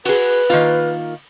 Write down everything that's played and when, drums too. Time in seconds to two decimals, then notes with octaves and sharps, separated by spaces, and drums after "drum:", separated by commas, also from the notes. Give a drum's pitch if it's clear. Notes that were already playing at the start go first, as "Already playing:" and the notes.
0.05 F#4 G#4 B4, drum: cymbal
0.50 D#3 A#3 F4